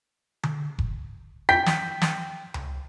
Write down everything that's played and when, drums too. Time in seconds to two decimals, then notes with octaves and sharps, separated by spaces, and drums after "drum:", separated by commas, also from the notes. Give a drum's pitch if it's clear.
0.43 drum: tom D3
0.79 drum: kick F1
1.49 G5 G6 B6
1.66 drum: snare
2.02 drum: snare
2.54 drum: tom C#2